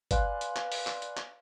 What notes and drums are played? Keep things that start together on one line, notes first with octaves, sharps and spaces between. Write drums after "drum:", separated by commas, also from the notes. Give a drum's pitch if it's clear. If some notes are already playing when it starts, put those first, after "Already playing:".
B4 D5 F5 G#5 C6 F#6, drum: kick G1, hi-hat
drum: hi-hat
drum: clap
drum: open hi-hat
drum: clap
drum: hi-hat
drum: clap